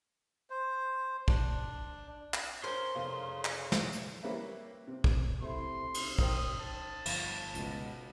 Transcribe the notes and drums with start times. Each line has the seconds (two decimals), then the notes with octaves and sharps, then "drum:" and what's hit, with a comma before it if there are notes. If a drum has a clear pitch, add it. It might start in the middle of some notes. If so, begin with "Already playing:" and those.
0.50 C5
1.28 D4, drum: kick
2.34 drum: clap
2.64 C#4 A#4 C5 C6
2.95 F1 C#3 F5
3.45 drum: clap
3.72 drum: snare
3.93 drum: hi-hat
4.23 G3 A#3 B4 C#5 E5
4.87 C3
5.04 drum: kick
5.42 C3 A3 E4 C6
5.94 drum: cymbal
6.19 A#4 C5 G5 D#6, drum: kick
6.59 A5
7.06 G1 F3, drum: cymbal
7.55 C#2 B2, drum: hi-hat